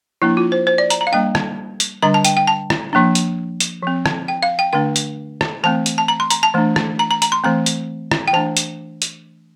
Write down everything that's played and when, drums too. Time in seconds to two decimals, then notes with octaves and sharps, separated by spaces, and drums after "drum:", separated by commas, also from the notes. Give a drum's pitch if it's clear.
0.22 F3 A#3 D4 E4
0.37 F4
0.52 C5
0.67 C5
0.78 D5
0.90 A#5, drum: hi-hat
1.01 A#5
1.07 F5
1.12 G3 A#3 D4 G5
1.35 drum: rim click
1.80 drum: hi-hat
2.02 D3 G3 D4 A#5
2.14 A5
2.25 G5, drum: hi-hat
2.37 G5
2.47 A5
2.70 drum: rim click
2.93 F3 A#3 D4
3.15 drum: hi-hat
3.60 drum: hi-hat
3.82 F3 C4
4.06 drum: rim click
4.28 G5
4.43 F5
4.59 G5
4.73 D3 A3 D4 G5
4.96 drum: hi-hat
5.41 drum: rim click
5.64 E3 A3 C4 A5
5.86 drum: hi-hat
5.98 A5
6.08 A#5
6.20 C6
6.30 A#5, drum: hi-hat
6.43 A5
6.54 E3 A3 D4
6.76 drum: rim click
6.99 A#5
7.11 A#5
7.22 A#5, drum: hi-hat
7.32 C6
7.44 E3 A3 C4 A#5
7.66 drum: hi-hat
8.11 drum: rim click
8.28 G5
8.33 E3 A3 D4 A5
8.57 drum: hi-hat
9.02 drum: hi-hat